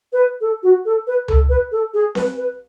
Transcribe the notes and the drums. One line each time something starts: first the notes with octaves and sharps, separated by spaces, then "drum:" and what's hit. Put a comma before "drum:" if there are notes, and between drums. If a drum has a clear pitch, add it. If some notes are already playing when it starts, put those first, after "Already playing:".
B4
A4
F#4
A4
B4
A4, drum: tom C#2
B4
A4
G#4
B4, drum: snare C4
B4